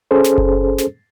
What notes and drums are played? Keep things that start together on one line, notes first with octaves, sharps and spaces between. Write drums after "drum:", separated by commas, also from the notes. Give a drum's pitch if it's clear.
C#4 G#4 A4 C5
drum: snare
drum: kick F#1
drum: snare